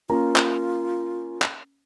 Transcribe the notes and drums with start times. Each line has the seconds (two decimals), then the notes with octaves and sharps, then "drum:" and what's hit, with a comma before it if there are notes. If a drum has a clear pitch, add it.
0.09 A#3 C#4 F4 A#5
0.36 drum: clap
1.42 drum: clap